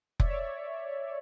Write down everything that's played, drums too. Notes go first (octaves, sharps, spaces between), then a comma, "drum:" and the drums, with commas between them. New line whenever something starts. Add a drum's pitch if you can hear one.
C#5 D5 E5, drum: kick F1